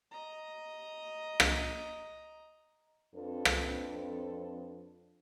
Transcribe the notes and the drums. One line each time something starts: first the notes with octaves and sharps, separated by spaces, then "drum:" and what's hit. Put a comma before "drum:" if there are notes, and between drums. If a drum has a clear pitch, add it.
D#5 A#5
drum: rim click
F2 F3 C4 D4 A4 B4
drum: rim click